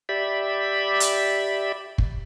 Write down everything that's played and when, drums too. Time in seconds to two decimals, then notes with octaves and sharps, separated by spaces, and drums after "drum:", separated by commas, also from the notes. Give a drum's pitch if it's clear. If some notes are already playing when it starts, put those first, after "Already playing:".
0.09 G4 D5 E5 B5
1.00 drum: hi-hat
1.98 drum: kick